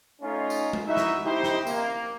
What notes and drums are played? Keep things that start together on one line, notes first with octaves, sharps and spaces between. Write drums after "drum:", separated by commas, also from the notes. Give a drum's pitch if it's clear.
A3 C#4 D#4 F4
drum: tambourine
drum: tom G#3
D#4 E4 F#4 E5
drum: snare
D#4 E4 G4 C5
drum: snare
A#3, drum: tambourine